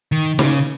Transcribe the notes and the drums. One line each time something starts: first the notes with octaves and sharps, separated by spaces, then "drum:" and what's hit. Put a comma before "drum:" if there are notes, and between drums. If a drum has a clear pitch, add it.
D#3
C#3, drum: snare